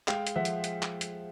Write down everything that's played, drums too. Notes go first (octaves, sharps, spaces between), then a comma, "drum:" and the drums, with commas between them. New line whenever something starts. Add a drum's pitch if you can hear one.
G#3 F5 G5, drum: clap
drum: hi-hat
F3 E5 F#5
drum: hi-hat
drum: hi-hat
drum: clap
drum: hi-hat